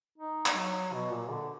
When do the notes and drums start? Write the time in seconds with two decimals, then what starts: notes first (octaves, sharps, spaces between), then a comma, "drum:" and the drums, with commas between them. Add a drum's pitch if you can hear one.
0.18 D#4
0.46 drum: clap
0.55 F#3
0.93 B2
1.12 A#2
1.30 D3